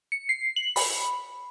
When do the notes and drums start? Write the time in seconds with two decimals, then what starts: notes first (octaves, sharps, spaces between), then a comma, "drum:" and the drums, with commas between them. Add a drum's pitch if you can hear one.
0.12 C#7
0.29 C7
0.56 F#7
0.76 B5, drum: open hi-hat